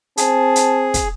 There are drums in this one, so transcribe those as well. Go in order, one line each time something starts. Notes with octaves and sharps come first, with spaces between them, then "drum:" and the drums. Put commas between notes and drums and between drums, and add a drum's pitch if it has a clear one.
C4 G#4 A5, drum: hi-hat
drum: hi-hat
drum: kick, hi-hat